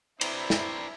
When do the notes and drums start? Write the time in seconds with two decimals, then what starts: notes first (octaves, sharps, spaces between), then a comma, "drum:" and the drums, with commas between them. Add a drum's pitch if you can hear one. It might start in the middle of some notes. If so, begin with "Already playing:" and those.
0.21 C4 D4 E4 B4 C5 D5 A#5, drum: cymbal
0.50 drum: snare